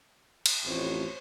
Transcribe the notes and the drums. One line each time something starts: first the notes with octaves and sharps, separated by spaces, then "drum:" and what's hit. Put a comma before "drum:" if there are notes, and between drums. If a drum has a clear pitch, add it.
drum: cymbal
A1 F2 C5 C#5